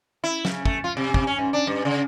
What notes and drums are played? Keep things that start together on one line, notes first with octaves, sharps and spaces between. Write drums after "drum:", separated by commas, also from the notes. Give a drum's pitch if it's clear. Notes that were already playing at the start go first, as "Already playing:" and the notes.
E4
C#3, drum: snare
A3, drum: kick
F4
C3
C3, drum: kick
C#4
G#2
D4
G2
C#3